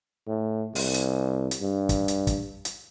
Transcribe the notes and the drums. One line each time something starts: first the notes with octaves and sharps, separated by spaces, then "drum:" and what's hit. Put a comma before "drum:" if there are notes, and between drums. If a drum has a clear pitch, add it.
A2
C2, drum: open hi-hat
drum: hi-hat
drum: hi-hat
G2
drum: kick, hi-hat
drum: hi-hat
drum: kick, hi-hat
drum: hi-hat